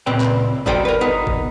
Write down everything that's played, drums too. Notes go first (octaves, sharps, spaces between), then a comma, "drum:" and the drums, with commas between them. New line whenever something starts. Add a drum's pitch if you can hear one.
C#2 A#2 C4 B4 G5
drum: clap
G3 D#4 F#4 A4 C5 G5, drum: kick G1
A#4 B4
B3 D#4
drum: kick G1